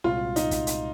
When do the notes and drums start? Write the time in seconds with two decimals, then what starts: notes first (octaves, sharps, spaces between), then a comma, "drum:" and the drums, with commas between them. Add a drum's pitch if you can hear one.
0.04 C2 A#2 G#3 C4 F4 F#4
0.36 D#4, drum: hi-hat
0.51 drum: kick, hi-hat
0.67 drum: hi-hat